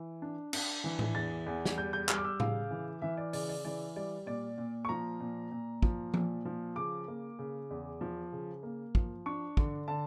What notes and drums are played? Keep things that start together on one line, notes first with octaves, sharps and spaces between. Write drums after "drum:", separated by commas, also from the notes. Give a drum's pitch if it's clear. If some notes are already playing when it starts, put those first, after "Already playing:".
Already playing: E3
D4
D4, drum: cymbal
E3
drum: tom A2
E2 A6
E2
drum: snare
G3 G6
G6
G3 F6, drum: clap
D6
E6
C#3 F5, drum: tom A2
E3
E3 E5
D5
C#3 D5, drum: open hi-hat
D5
E3 D5
G3 D5
A#2 D5
A#2
C#6
F3 A#5
A#2
A#2
F3, drum: kick
A#2, drum: tom F3
F3
C#3 D6
A#3
C#3
E2
F3
C#3
A#3
F3, drum: kick
D4 C#6
D3, drum: kick
D3 A5